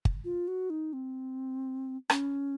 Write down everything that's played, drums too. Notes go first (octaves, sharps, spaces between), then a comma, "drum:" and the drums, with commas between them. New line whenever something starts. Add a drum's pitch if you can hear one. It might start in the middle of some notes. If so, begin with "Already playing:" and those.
drum: kick G1
F4
F#4
D#4
C4
C#4, drum: rim click